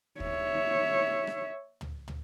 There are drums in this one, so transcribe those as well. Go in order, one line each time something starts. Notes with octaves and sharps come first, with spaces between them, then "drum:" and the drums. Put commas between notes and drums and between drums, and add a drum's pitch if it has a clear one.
C#5 E5, drum: kick
drum: rim click
drum: tom
drum: tom